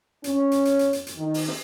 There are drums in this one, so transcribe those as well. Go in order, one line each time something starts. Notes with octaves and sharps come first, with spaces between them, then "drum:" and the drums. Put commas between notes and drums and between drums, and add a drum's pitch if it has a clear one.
C#4, drum: hi-hat
drum: hi-hat
drum: hi-hat
drum: hi-hat
drum: hi-hat
drum: hi-hat
D#3
drum: open hi-hat
drum: snare